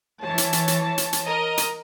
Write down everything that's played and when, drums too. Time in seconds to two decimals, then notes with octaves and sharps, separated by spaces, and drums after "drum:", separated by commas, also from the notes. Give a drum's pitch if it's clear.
0.23 E3 C#5 A5
0.38 drum: hi-hat
0.53 drum: hi-hat
0.68 drum: hi-hat
0.98 drum: hi-hat
1.13 drum: hi-hat
1.26 A#4 D#5
1.58 drum: hi-hat